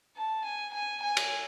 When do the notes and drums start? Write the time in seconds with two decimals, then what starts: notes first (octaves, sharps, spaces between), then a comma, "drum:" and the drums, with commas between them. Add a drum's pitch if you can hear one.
0.16 A5
0.45 G#5
0.73 G#5
1.02 G#5
1.17 drum: cymbal